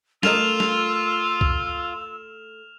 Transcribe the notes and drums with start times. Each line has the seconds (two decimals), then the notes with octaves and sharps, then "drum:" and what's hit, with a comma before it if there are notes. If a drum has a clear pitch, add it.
0.23 A3 F4 A#4 D#5 E6 F6 E7 F7, drum: snare
0.60 drum: snare
1.41 drum: kick C2